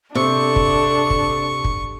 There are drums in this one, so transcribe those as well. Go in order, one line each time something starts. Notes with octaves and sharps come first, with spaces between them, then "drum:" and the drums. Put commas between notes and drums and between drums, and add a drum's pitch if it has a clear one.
C3 D4 A4 C#6
drum: kick
drum: kick
drum: kick